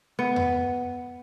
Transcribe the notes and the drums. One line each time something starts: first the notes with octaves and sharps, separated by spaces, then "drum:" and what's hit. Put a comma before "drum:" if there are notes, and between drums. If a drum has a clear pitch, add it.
B3
drum: tom E2